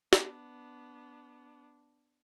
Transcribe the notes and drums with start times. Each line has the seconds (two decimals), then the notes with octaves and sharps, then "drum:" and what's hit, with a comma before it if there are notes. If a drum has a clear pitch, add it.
0.13 B3 D4, drum: snare